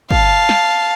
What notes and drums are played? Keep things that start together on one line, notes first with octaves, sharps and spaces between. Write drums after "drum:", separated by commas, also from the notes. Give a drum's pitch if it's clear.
F5 A5, drum: kick
drum: snare